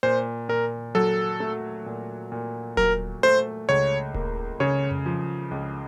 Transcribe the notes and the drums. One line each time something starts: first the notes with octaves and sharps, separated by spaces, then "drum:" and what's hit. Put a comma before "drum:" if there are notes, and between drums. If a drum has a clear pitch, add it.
A#2 C5
A#2 A#4
F#3 A4
A3
A#2
A#2
F#3 A#4, drum: kick D#1
A3 C5
C#2 C#5
A#3, drum: kick D#1
C#3 C#5
drum: tom F2
F3
C#2